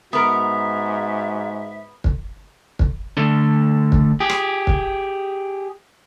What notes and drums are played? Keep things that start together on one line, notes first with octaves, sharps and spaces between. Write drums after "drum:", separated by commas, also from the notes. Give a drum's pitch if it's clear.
G#2 B3 F#4 A#4 E5
drum: kick
drum: kick
D3 A3
drum: kick
G4 G#4
drum: rim click
drum: kick